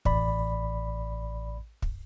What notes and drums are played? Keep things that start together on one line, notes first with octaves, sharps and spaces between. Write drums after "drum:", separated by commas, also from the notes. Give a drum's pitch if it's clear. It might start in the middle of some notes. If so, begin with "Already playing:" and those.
A1 D5 B5, drum: kick
drum: kick